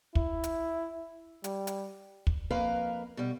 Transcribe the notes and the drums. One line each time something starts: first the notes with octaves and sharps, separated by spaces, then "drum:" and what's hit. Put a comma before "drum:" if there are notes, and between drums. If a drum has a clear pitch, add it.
E4, drum: kick
drum: hi-hat
G3, drum: hi-hat
drum: hi-hat
drum: kick
F2 A#3 B4 F5 A#5
B2 G3